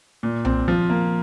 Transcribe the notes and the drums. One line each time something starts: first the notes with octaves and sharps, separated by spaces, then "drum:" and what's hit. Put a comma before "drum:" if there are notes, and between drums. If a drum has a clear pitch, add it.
A#2
C4, drum: tom B1
F3
A#3